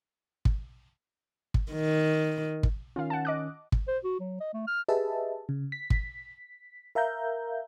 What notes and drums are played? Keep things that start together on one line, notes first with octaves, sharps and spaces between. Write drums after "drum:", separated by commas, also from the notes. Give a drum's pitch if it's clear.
drum: kick
drum: kick
D#3
drum: kick
D#3 C#4 F4 F5
F#5 A5
D#5 D6 F#6
drum: kick
C5
F#4
F#3
D#5
A3
F6
G4 G#4 B4 D#5 E5 A5
C#3
B6
drum: kick
A#4 E5 F5 A#5 G6